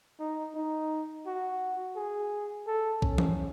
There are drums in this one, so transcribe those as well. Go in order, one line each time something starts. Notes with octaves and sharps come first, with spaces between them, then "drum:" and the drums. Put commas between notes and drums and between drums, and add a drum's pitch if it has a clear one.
D#4
D#4
F#4
G#4
A4
C#4, drum: kick A#1
drum: tom E3